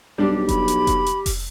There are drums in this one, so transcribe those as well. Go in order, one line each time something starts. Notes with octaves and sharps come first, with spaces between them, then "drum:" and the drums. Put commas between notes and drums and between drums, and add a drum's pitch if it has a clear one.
B1 G3 D4 G4
B5, drum: kick F1, hi-hat
drum: hi-hat
drum: kick F1, hi-hat
drum: hi-hat
drum: kick F1, open hi-hat